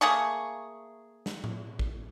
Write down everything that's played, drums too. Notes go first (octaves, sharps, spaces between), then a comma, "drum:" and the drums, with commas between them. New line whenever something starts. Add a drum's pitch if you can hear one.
A3 A#3 G#4 C#6
drum: snare
drum: tom A2
drum: kick A1